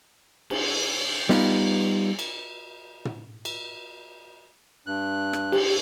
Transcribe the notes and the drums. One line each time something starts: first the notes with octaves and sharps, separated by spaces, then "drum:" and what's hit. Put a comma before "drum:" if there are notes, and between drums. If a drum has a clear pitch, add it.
drum: cymbal
G3 B3 D#4 F4, drum: snare
drum: cymbal
drum: tom
drum: cymbal
G2 F#6
drum: rim click
G4, drum: cymbal